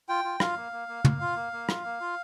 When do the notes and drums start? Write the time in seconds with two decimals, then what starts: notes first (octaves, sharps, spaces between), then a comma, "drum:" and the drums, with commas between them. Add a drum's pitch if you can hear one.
0.09 F4 G5
0.24 F4
0.40 F4 F5, drum: rim click
0.57 A#3
0.72 A#3
0.88 A#3
1.05 A#3, drum: tom
1.21 F4
1.36 A#3
1.53 A#3
1.69 F4, drum: rim click
1.84 A#3
2.00 F4